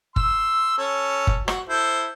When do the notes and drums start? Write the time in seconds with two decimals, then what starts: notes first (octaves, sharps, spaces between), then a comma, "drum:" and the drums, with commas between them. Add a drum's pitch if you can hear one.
0.16 C6 E6, drum: kick F#1
0.78 C#4 A4
1.27 drum: kick F#1
1.48 F#4, drum: rim click
1.69 E4 A4 C5